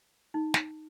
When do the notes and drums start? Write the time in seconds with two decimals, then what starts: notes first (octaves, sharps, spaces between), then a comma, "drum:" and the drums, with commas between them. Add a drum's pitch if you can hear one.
0.34 D#4
0.54 drum: snare